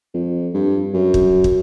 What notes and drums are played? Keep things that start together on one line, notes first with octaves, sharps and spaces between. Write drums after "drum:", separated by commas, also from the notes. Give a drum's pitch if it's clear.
F2
G2
F#2
drum: kick
drum: kick